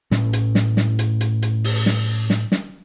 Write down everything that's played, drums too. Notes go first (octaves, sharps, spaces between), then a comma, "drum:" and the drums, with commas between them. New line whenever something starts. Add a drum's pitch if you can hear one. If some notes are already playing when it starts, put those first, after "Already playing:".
A2 C#4, drum: snare
drum: hi-hat
drum: snare
drum: snare
drum: hi-hat
drum: hi-hat
drum: hi-hat
drum: open hi-hat
drum: snare
drum: snare
drum: snare